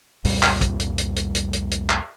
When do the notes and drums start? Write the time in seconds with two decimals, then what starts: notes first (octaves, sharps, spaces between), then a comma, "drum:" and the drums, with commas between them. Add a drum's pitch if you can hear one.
0.25 C2 F2 A#2 G3, drum: open hi-hat
0.43 drum: clap
0.61 drum: kick, hi-hat
0.80 drum: hi-hat
0.98 drum: hi-hat
1.16 drum: hi-hat
1.35 drum: hi-hat
1.53 drum: hi-hat
1.71 drum: hi-hat
1.90 drum: clap